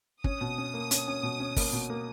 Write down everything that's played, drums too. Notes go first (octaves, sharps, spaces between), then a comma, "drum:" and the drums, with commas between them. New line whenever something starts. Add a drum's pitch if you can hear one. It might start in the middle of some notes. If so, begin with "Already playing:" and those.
C#4 D#6, drum: kick
B2
C#4
A#3
C#4, drum: hi-hat
C#4
B2
C#4
A#3, drum: kick, open hi-hat
B2
A#3